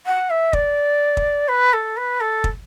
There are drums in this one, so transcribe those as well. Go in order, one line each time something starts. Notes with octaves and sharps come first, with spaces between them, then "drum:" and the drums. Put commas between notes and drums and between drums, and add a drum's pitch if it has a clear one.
F#5
E5
D5, drum: kick
drum: kick
B4
A4
B4
A4
drum: kick